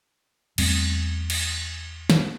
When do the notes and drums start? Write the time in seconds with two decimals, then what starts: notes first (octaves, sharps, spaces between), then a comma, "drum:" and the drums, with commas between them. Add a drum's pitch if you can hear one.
0.58 E2 G3 A3 C4, drum: cymbal
1.30 drum: cymbal
2.10 drum: snare